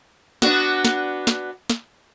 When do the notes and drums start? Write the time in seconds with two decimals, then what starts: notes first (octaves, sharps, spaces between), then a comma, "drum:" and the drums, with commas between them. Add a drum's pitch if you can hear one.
0.42 B3 D4 F#4, drum: snare
0.85 drum: snare
1.27 drum: snare
1.70 drum: snare